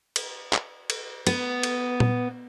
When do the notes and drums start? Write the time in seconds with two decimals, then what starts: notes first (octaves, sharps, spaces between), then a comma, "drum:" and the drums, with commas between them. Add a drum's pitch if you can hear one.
0.16 drum: cymbal
0.53 drum: clap
0.90 drum: cymbal
1.27 B3, drum: cymbal
1.63 drum: cymbal
2.00 drum: tom A#2